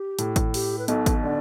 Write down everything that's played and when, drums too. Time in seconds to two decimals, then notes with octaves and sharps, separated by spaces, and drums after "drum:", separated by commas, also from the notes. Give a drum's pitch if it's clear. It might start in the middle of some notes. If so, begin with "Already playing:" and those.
Already playing: G4
0.19 A2, drum: hi-hat
0.36 drum: kick G#1, hi-hat
0.54 G4, drum: open hi-hat
0.79 B4
0.88 B1 B2 A4, drum: hi-hat
1.06 drum: kick G#1, hi-hat
1.23 D3 D5